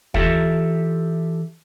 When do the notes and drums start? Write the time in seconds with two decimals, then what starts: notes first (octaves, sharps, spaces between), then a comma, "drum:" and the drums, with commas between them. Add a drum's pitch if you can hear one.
0.14 E3 F4 G4 A4 E5, drum: kick